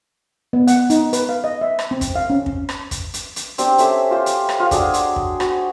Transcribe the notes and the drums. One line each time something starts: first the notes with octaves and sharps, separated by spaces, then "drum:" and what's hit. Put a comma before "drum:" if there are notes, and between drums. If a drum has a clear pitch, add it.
B3
F#5, drum: hi-hat
D#4, drum: hi-hat
B4, drum: hi-hat
F5
D#5
E5
drum: rim click
C4
drum: kick, hi-hat
F5
C#4
drum: kick
drum: rim click
drum: kick, hi-hat
drum: hi-hat
drum: hi-hat
C4 D4 G4, drum: hi-hat
C#4 A4 C5 E5, drum: hi-hat
F4 G4 C5
drum: hi-hat
drum: rim click
F4 F5 F#5
D4 F#4 G#4, drum: kick, hi-hat
drum: hi-hat
drum: kick
F#4, drum: rim click